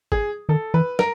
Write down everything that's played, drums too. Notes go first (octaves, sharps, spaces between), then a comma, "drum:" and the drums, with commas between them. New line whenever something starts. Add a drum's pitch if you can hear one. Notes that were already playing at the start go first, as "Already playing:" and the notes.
G#4, drum: kick
D#3 A4
E3 B4
A#4, drum: snare